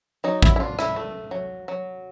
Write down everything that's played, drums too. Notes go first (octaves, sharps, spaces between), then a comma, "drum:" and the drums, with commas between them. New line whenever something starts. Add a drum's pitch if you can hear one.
F#3 D#4
E4, drum: kick
E4
D4 F4
E4, drum: rim click
A3
F#3
F#3